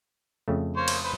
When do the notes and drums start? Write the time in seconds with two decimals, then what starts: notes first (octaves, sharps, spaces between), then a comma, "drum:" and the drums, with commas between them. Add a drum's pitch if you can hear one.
0.48 F2 C#3 A3
0.76 A#3 C5 C#5
0.88 drum: cymbal
1.04 B4 C5